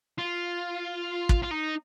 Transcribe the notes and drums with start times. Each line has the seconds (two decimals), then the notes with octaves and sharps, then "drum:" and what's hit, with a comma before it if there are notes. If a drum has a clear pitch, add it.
0.18 F4
1.29 drum: kick
1.43 F4
1.51 D#4